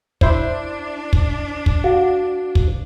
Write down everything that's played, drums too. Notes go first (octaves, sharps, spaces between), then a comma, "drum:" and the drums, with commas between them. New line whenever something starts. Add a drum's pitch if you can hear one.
D4 E4 C5, drum: kick
drum: kick
drum: kick
F#4 F5
drum: kick